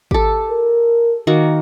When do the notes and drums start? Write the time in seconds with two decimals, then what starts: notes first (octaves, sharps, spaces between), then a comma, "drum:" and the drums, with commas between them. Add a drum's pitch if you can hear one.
0.11 G4 A4, drum: kick G#1
0.50 A#4
1.27 D#3 A#3 F#4